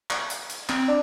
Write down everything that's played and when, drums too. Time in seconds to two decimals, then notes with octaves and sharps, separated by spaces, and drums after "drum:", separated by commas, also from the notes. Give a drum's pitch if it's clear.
0.10 drum: clap
0.30 drum: hi-hat
0.50 drum: hi-hat
0.69 C4, drum: clap
0.88 D4